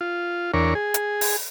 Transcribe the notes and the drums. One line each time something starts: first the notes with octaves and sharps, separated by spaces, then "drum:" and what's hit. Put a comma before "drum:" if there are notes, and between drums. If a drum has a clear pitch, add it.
F4
E2 D4 A#4 C#5
G#4
drum: hi-hat
drum: open hi-hat